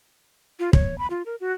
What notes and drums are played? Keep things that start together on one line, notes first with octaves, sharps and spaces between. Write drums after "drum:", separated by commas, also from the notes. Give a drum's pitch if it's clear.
F4
C#5, drum: kick
B5
F4
A#4
F#4